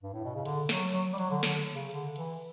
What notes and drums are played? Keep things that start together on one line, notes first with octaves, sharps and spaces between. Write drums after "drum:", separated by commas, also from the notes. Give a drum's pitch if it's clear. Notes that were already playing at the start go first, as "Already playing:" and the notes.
G2
A2
B2
C#3
D3, drum: cymbal
F#3, drum: snare
F#3, drum: cymbal
G3
F#3, drum: cymbal
D3
D3, drum: snare
C#3
D3, drum: cymbal
E3, drum: cymbal